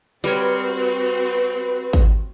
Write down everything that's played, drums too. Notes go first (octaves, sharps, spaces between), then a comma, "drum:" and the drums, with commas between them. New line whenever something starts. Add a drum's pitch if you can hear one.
G3 C4 F#4 A#4 B4 C#5, drum: hi-hat
drum: kick